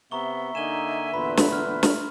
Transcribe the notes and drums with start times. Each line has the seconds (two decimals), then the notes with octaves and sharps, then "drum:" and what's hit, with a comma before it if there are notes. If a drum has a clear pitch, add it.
0.11 C3 B3 E5 A#5 C#6 G7
0.55 D3 A#3 D#4 G#5 E7 G7
1.14 E2 A#2 D3 B4 B5 C6
1.37 drum: snare
1.53 F6
1.83 drum: snare